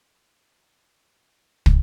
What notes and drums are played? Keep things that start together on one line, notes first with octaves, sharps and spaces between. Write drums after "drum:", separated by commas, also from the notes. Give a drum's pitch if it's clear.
A3 A#3 D#4
drum: kick